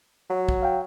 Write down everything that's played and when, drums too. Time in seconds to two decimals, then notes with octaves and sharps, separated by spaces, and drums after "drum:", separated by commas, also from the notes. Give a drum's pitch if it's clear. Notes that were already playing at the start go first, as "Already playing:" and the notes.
0.30 F#3
0.49 drum: kick
0.63 F5 G5